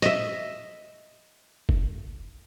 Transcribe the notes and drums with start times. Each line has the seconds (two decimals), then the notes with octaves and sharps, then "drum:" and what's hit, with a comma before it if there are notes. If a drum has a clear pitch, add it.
0.02 D#5 E5, drum: hi-hat
1.69 drum: kick